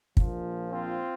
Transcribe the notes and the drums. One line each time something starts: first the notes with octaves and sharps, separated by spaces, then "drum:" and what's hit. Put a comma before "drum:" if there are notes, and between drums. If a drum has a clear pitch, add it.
A#1 A#2 F3, drum: kick
C4 F4